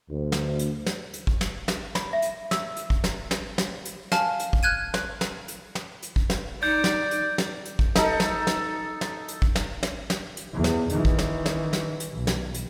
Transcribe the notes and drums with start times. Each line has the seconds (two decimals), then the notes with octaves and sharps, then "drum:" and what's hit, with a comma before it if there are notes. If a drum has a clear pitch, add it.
0.11 D2
0.32 drum: snare
0.59 drum: hi-hat
0.86 drum: snare
1.14 drum: hi-hat
1.27 drum: kick
1.41 drum: snare
1.68 drum: snare
1.95 B5, drum: snare
2.13 E5
2.22 drum: hi-hat
2.51 E6, drum: snare
2.77 drum: hi-hat
2.90 drum: kick
3.04 drum: snare
3.31 drum: snare
3.58 drum: snare
3.85 drum: hi-hat
4.12 F5 G#5 A5 F6, drum: snare
4.40 drum: hi-hat
4.53 drum: kick
4.63 F6 F#6 G#6 D#7
4.94 drum: snare
5.21 drum: snare
5.48 drum: hi-hat
5.75 drum: snare
6.02 drum: hi-hat
6.16 drum: kick
6.30 drum: snare
6.63 D#4 D5 G6
6.84 drum: snare
7.11 drum: hi-hat
7.38 drum: snare
7.65 drum: hi-hat
7.79 drum: kick
7.96 D#4 A4, drum: snare
8.20 drum: snare
8.47 drum: snare
9.01 drum: snare
9.28 drum: hi-hat
9.42 drum: kick
9.56 drum: snare
9.83 drum: snare
10.10 drum: snare
10.37 drum: hi-hat
10.53 E2
10.64 drum: snare
10.90 D#3 E3, drum: hi-hat
11.05 drum: kick
11.18 drum: snare
11.46 drum: snare
11.73 drum: snare
12.00 drum: hi-hat
12.12 B1
12.27 drum: snare
12.54 drum: hi-hat